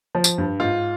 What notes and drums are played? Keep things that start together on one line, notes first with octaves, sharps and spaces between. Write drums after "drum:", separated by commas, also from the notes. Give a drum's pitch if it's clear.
F3
drum: tambourine
G2
G#2 F4